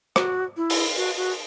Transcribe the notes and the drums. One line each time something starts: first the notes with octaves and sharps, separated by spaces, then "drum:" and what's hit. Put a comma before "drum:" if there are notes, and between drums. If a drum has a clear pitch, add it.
F#4, drum: rim click
E4
drum: open hi-hat
F#4
F#4